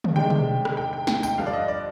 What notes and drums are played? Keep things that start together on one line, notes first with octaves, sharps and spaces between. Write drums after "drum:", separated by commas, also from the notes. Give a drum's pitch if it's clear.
drum: tom
C3 D#3 G#3 D4 G5
drum: tom
drum: rim click
G5
G5
G5, drum: snare
G5, drum: tambourine
G2 D3 F3 F5
D5
D#5
D5